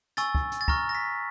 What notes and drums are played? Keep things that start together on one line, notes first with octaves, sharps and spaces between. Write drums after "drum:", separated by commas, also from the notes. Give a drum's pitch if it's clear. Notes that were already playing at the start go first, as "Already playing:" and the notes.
G#5 C#6 E6 A6, drum: hi-hat
drum: kick
drum: hi-hat
A6
A#5 C#6 F6 A#6, drum: kick
A#6
B6